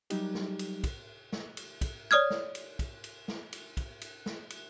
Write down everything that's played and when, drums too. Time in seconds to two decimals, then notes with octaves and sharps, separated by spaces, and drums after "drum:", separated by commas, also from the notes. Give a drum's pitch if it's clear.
0.10 F#3 G3 D#4 G4, drum: cymbal
0.35 drum: snare
0.59 drum: cymbal
0.84 drum: kick, cymbal
1.32 drum: snare
1.57 drum: cymbal
1.81 drum: kick, cymbal
2.11 C#5 D5 D#6 F6 G#6
2.30 drum: snare
2.55 drum: cymbal
2.79 drum: kick, cymbal
3.04 drum: cymbal
3.28 drum: snare
3.53 drum: cymbal
3.77 drum: kick, cymbal
4.01 drum: cymbal
4.26 drum: snare
4.50 drum: cymbal